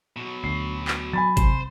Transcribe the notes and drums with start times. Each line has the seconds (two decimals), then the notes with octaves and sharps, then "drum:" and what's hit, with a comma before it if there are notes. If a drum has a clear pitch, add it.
0.16 B2 F#3
0.44 D2 C7
0.88 drum: clap
1.13 F#3 G#5 B5 A6
1.37 C2 C5, drum: kick G1, hi-hat